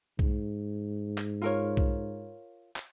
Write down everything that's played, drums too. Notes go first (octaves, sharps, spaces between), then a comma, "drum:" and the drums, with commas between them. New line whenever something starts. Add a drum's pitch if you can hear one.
G#2, drum: kick B1
drum: clap
F4 A#4 C#5
drum: kick B1
drum: clap